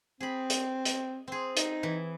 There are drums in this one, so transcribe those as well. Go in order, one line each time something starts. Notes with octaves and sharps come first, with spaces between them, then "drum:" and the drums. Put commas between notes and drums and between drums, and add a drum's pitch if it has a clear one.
C4 G#4 B5
drum: hi-hat
drum: hi-hat
C4 G#4
D#4, drum: hi-hat
E3